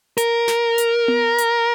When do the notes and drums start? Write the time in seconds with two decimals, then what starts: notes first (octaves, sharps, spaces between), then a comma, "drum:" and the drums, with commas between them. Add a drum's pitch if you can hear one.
0.18 A#4, drum: hi-hat
0.48 drum: snare
0.78 drum: hi-hat
1.08 drum: tom B3
1.38 drum: hi-hat